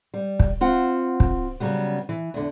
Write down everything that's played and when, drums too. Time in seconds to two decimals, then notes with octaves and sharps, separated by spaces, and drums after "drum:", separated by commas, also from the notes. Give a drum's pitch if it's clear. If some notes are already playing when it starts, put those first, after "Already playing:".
0.14 G3
0.40 drum: kick
0.61 C4 F4 F#5
1.20 drum: kick
1.60 C#3 F#3 G3 B3
2.09 E3
2.34 E2 D3